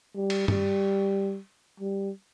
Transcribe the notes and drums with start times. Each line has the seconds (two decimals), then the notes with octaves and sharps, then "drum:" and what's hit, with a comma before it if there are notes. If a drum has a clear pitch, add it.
0.15 G3
0.30 drum: cymbal
0.48 G3, drum: tom G2
1.80 G3